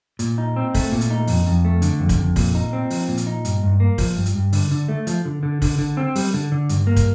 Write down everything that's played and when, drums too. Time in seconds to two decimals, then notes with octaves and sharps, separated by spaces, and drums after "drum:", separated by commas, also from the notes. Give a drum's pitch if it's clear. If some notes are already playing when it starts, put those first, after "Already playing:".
0.19 A#2, drum: hi-hat
0.38 D#4
0.56 C4
0.74 A3, drum: kick, open hi-hat
0.92 A#2
1.01 drum: hi-hat
1.11 D#4
1.27 F2, drum: open hi-hat
1.47 F2
1.65 A3
1.82 D3, drum: hi-hat
2.00 F2
2.09 drum: kick, hi-hat
2.19 F2
2.36 A#2, drum: kick, open hi-hat
2.55 D#4
2.73 C4
2.90 F3, drum: open hi-hat
3.08 A#2
3.17 drum: hi-hat
3.27 D#4
3.45 G2, drum: hi-hat
3.63 G2
3.80 A#3
3.98 F3, drum: kick, open hi-hat
4.16 G2
4.26 drum: hi-hat
4.35 G2
4.53 D3, drum: open hi-hat
4.71 D3
4.89 A3
5.07 F3, drum: hi-hat
5.25 D3
5.43 D3
5.62 D3, drum: kick, open hi-hat
5.79 D3
5.97 C4
6.16 G3, drum: open hi-hat
6.34 D3
6.52 D3
6.69 G2, drum: hi-hat
6.87 A#3
6.96 drum: kick, hi-hat